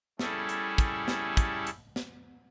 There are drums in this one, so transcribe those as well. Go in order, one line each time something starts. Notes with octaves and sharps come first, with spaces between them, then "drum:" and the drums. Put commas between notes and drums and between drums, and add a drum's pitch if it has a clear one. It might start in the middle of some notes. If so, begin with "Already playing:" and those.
G3 C#4 E4 G#4 A4, drum: snare
drum: hi-hat
drum: kick, hi-hat
drum: snare
drum: kick, hi-hat
drum: hi-hat
drum: snare